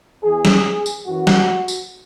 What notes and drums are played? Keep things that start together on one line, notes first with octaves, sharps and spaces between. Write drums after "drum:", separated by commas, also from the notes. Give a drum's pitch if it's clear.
E2 E3 G#4
drum: snare
drum: tambourine
F#2 E3 F#4
drum: snare
drum: tambourine